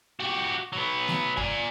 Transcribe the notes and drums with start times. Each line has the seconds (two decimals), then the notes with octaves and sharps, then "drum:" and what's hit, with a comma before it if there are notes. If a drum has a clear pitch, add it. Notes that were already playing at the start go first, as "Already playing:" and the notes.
0.20 F#4 G4
0.73 F#3 B3
1.08 drum: snare A3
1.37 D5 G#5, drum: kick